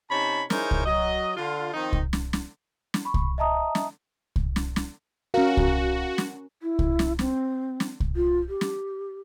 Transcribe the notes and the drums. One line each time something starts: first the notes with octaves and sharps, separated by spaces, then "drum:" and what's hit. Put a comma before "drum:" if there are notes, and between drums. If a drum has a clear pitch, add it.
C3 C#4 D#4 C#5 A5 B5
D#4 E4 G#4 A#4 C5 C#5, drum: snare
drum: kick C2
F#3 D#5
D3 F4
D#3 F3 C4 D#4
drum: kick C2
drum: snare
drum: snare
drum: snare
B5 C#6
drum: kick C2
D#5 E5 A5 A#5 D#6
drum: snare
drum: kick C2
drum: snare
drum: snare
C#4 F#4 A#4 F5
drum: kick C2
drum: snare
E4
drum: kick C2
drum: snare
C4, drum: snare
drum: snare
drum: kick C2
F4
G4
drum: snare